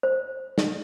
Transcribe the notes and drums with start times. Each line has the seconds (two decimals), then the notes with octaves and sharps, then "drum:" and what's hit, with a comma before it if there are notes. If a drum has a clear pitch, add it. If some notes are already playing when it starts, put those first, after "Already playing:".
0.03 C5
0.58 drum: snare